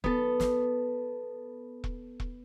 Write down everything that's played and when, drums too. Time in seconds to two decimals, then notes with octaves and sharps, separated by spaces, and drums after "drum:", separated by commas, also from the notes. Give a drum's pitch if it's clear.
0.04 B3 A4, drum: kick E1
0.40 drum: snare
1.84 drum: kick E1
2.20 drum: kick E1